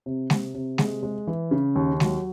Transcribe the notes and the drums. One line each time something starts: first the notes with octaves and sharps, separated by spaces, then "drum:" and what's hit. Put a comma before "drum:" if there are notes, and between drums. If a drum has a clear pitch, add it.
C3
C3, drum: snare G#3
C3
G#3, drum: snare G#3
G#3
E3
C#3
D#2
F#3, drum: snare G#3